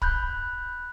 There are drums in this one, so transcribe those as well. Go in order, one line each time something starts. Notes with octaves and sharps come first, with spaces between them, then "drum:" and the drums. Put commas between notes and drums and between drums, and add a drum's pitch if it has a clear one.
B5 F#6 G6, drum: kick